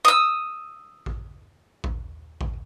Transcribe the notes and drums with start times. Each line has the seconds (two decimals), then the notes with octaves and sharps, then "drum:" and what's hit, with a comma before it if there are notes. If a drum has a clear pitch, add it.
0.05 D#6 E6
1.06 drum: kick A1
1.84 drum: kick A1
2.41 drum: kick A1